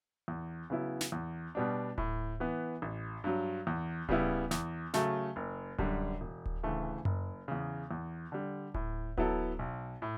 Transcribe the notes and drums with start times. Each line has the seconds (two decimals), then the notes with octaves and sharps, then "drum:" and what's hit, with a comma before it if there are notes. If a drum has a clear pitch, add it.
0.28 E2
0.70 C#3 F#3 B3 E4
1.01 drum: snare
1.12 E2
1.55 B2 G3 B3 D4
1.98 A2, drum: kick D1
2.40 E3 B3
2.82 A1
3.24 G2 F#3
3.67 E2
4.09 C#3 G3 B3 E4, drum: kick D1
4.51 E2, drum: snare
4.94 C#3 F#3 A3, drum: snare
5.36 F#1
5.79 F#2 D3 G3, drum: kick D1
6.21 E1
6.46 drum: kick D1
6.63 D2 C#3 E3 A3
7.05 F#1, drum: tom F#2
7.48 E2 C#3
7.91 E2
8.32 D3 G3
8.74 A2, drum: kick D1
9.17 F#3 B3 E4 A4, drum: kick D1
9.59 B1
10.02 A2